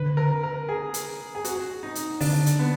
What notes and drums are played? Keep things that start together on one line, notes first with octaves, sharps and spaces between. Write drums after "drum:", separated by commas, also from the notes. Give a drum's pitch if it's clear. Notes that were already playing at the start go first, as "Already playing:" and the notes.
Already playing: D3 B4
A#4
A#4
G#4
drum: hi-hat
G#4
F#4, drum: hi-hat
D#4
drum: hi-hat
D3 D4, drum: open hi-hat
drum: hi-hat
B3